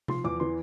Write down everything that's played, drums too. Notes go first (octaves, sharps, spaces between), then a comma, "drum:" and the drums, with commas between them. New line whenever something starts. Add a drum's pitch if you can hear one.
F3 C6, drum: tom C3
E2 D6
E3 C6